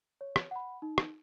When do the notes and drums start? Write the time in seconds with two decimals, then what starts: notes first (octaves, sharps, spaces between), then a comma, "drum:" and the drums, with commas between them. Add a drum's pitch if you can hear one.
0.21 C#5
0.36 drum: rim click
0.51 F#5 B5
0.82 D#4
0.98 drum: rim click